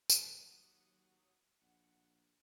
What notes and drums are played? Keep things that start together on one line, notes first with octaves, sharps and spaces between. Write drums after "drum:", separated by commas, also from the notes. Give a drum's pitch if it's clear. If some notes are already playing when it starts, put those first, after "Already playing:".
D#2, drum: tambourine
F#3 F#5 D#6
A#1 F#5